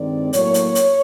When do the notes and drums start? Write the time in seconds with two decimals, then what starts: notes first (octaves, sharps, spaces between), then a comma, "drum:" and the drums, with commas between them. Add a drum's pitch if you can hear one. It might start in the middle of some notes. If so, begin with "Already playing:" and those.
Already playing: G2 D#3 G#3 C4 D5
0.33 A2 F#3 A#3 C#5, drum: hi-hat
0.54 drum: hi-hat
0.75 drum: hi-hat